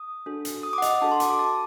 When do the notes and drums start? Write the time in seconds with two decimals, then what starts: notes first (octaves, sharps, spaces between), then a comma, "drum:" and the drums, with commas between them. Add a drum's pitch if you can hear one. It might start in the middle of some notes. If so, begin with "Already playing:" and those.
Already playing: D#6
0.26 D4 F#4 A4
0.45 drum: hi-hat
0.63 D#6
0.73 D6
0.78 F#5
0.82 D#5, drum: hi-hat
0.91 F#5
1.02 D4 F#4 A4 A5
1.12 C6
1.20 D6, drum: hi-hat
1.30 D6
1.39 A5